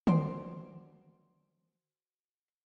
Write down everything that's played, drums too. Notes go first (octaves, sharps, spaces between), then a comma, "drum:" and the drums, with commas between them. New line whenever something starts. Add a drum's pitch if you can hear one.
F#4 C5 D5, drum: tom